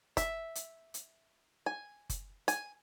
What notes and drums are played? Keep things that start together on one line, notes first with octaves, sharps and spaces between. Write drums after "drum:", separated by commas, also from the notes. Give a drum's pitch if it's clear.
E5, drum: kick F#1, hi-hat
drum: hi-hat
drum: hi-hat
G#5
drum: kick F#1, hi-hat
G#5, drum: hi-hat